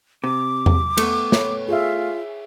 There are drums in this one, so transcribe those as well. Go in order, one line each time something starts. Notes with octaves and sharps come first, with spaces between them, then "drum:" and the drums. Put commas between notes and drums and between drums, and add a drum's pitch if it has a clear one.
C3 D6
drum: tom E2
A3 B3, drum: cymbal
B4 C#5, drum: snare
F4 G#4 E5